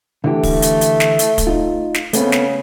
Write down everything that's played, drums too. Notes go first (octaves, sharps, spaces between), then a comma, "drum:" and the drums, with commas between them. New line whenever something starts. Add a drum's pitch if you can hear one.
D3 E3 A3 G4
drum: kick, open hi-hat
drum: hi-hat
drum: hi-hat
drum: snare
drum: hi-hat
drum: kick, hi-hat
D#4 F4
drum: snare
C#3 A3 B3 C4, drum: hi-hat
drum: snare